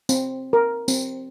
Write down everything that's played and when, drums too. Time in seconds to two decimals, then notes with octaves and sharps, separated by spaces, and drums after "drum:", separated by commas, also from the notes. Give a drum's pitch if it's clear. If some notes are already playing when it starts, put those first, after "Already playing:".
0.09 C4, drum: tambourine
0.53 A#4
0.88 C4, drum: tambourine